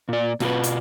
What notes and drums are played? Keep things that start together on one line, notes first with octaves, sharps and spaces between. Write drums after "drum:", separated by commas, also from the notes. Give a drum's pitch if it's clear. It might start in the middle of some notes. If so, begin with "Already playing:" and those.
A#2 D5
B2 F4 A4 B4, drum: snare
drum: hi-hat